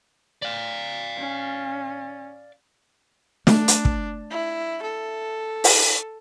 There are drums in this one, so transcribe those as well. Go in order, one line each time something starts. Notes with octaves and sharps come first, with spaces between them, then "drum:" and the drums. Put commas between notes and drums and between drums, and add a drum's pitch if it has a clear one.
D5 F5
C#4
A3 D4, drum: snare
drum: hi-hat
drum: kick
E4
A4
drum: open hi-hat